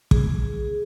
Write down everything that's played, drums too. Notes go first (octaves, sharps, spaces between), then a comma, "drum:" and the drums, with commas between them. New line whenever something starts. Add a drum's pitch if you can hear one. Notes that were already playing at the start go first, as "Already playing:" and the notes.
G#4, drum: kick